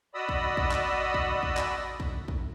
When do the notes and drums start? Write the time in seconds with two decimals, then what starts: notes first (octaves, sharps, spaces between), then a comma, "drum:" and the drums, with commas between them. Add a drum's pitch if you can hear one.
0.14 F#4 D5 D#5 B5 D#6 E6
0.29 drum: kick
0.57 drum: kick
0.71 drum: clap
1.14 drum: kick
1.43 drum: kick
1.57 drum: clap
2.00 drum: kick
2.28 drum: kick